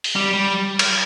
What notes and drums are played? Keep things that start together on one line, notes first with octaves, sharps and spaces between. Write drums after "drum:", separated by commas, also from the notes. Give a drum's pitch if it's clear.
drum: open hi-hat
G3
G3
drum: cymbal